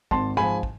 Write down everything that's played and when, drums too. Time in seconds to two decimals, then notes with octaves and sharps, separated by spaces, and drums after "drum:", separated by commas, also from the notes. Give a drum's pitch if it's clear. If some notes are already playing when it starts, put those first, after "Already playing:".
0.11 G#1 A5 C6, drum: kick
0.37 G#2 F3 G#5 B5
0.63 drum: kick